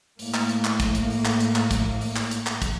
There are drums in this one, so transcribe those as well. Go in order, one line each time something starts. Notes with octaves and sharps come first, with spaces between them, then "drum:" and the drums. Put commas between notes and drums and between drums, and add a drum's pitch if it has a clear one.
A2 A#3, drum: open hi-hat
drum: clap
drum: hi-hat
drum: clap
drum: kick, hi-hat
drum: hi-hat
drum: open hi-hat
drum: clap
drum: hi-hat
drum: clap
drum: kick, hi-hat
drum: open hi-hat
drum: clap
drum: hi-hat
drum: clap
drum: kick, hi-hat